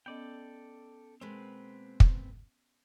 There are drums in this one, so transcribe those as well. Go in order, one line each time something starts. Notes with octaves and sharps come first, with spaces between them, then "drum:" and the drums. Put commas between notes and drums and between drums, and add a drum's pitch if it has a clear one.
B3 C#4 A4 D5 D#5 G5
B2 G#3 A#3 C4 B4
drum: kick